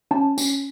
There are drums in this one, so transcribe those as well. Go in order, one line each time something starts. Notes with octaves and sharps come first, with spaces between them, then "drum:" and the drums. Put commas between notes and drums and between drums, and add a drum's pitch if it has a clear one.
C#4 A5
C#4, drum: tambourine